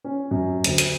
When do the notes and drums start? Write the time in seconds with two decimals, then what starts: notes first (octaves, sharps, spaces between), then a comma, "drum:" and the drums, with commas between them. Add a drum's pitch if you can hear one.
0.04 C#4
0.31 F#2
0.64 D2, drum: hi-hat
0.78 drum: hi-hat